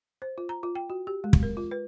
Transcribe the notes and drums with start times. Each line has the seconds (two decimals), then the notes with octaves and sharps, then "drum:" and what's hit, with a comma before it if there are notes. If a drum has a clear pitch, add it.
0.22 C5
0.38 F4
0.49 A#5
0.63 F4
0.75 G5
0.90 F#4
1.07 G4
1.24 G#3
1.33 drum: kick
1.43 A#4
1.57 F4
1.71 B4